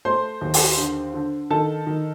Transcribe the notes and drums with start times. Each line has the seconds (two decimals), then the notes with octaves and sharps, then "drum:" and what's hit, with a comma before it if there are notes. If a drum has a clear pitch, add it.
0.05 A3 C5 C6
0.41 D#2
0.54 drum: open hi-hat
0.78 D3
1.14 D3
1.50 D#3 A4 A5
1.87 D#3